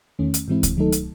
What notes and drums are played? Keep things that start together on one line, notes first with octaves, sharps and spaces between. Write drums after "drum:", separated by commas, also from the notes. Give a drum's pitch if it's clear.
E2 D#3 A3 C#4
drum: hi-hat
G#2 E3 G#3 C4 E4
drum: kick C#2, hi-hat
D#3 F#3 A3 D#4 A4
drum: hi-hat